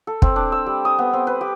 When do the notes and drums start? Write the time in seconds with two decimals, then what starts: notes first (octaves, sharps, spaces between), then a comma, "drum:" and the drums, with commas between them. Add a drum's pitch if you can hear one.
0.07 A4
0.22 C4, drum: kick
0.36 D4
0.52 E6
0.66 G3
0.85 D#6
0.99 B3
1.13 C4
1.27 B4
1.41 G4